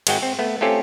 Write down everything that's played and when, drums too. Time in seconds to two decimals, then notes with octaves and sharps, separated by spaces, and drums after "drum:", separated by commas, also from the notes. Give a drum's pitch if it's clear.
0.07 G#1 G#3 F#4 G5, drum: cymbal
0.23 C4
0.39 A3 B3
0.61 A3 C4 C#4 F4 G4 A4